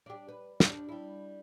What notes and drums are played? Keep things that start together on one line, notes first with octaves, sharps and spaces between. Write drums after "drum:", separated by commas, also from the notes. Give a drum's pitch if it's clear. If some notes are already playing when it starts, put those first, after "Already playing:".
D4 G4
B4
D4 G4, drum: snare
G3 E4